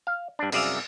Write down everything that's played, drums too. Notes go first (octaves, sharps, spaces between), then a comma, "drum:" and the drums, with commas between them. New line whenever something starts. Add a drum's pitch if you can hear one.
F5
G2 D4
C2 F#2 G#4 D5 E5 F5, drum: cymbal